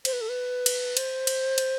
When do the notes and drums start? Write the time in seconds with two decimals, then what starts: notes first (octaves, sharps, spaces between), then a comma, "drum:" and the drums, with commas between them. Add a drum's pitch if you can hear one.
0.05 C5, drum: cymbal
0.12 B4
0.21 A4
0.29 B4
0.66 drum: cymbal
0.97 C5, drum: cymbal
1.27 drum: cymbal
1.58 drum: cymbal